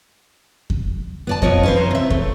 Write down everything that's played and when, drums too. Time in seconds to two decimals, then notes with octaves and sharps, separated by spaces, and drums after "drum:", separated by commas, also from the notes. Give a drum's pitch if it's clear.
0.70 drum: kick E2
1.27 B3 D5 A5
1.42 F2 C3 F3 C#5 D#5, drum: kick E2
1.63 C#4 B4 C5
1.76 F#2 C5 A#5
1.91 C3 E5
2.10 A3, drum: kick E2